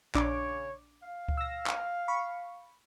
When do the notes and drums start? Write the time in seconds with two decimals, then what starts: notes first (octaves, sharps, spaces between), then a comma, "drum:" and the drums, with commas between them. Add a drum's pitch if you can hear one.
0.15 A#1 C#3 D4 C#5 D6, drum: clap
1.02 F5
1.28 drum: kick C#2
1.37 E6 A#6
1.66 drum: clap
2.08 B5 C#6